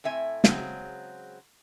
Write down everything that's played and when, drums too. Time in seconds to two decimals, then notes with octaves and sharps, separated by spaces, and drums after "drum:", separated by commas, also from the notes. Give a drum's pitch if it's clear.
0.04 A2 C4 E5 G#5
0.44 C#3 F#3 G#3 C4, drum: snare